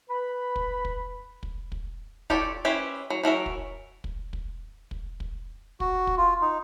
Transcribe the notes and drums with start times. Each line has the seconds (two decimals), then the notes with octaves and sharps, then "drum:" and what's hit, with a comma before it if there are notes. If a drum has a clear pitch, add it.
0.10 B4 B5
0.56 drum: kick
0.85 drum: kick
1.43 drum: kick
1.72 drum: kick
2.30 F4 G4 A4 C#5 D5, drum: kick
2.65 C#4 E4 G4 B4 C5
3.10 F#3
3.23 E3 F#3 A#4 E5
3.46 drum: kick
4.04 drum: kick
4.33 drum: kick
4.91 drum: kick
5.20 drum: kick
5.80 F#4, drum: kick
6.07 drum: kick
6.18 F4
6.42 D#4